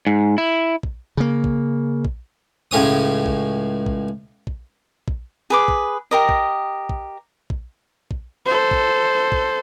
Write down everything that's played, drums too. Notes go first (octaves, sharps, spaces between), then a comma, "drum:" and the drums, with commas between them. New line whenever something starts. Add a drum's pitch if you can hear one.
G#2
E4
drum: kick
C#3 A#3
drum: kick
drum: kick
C#2 A2 C#4 D#6
drum: kick
drum: kick
drum: kick
drum: kick
G#4 B4 D6
drum: kick
G4 A#4 D#5
drum: kick
drum: kick
drum: kick
drum: kick
A4 C5
drum: kick
drum: kick